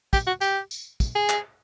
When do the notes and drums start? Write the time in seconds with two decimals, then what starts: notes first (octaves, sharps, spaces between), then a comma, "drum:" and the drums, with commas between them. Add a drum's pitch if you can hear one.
0.13 G4, drum: kick, tambourine
0.27 F#4
0.41 G4, drum: tambourine
0.71 drum: tambourine
1.00 drum: kick, tambourine
1.15 G#4
1.29 drum: clap